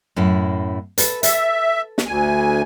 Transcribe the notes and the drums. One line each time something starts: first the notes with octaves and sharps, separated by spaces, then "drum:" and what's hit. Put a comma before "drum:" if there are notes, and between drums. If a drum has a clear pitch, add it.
F#2 A2 E4
A4 B4, drum: hi-hat
A4 E5, drum: hi-hat
drum: snare
D2 G#5